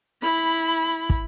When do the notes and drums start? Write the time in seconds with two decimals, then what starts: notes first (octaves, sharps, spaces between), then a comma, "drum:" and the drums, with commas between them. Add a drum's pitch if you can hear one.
0.22 E4 B5
1.10 drum: kick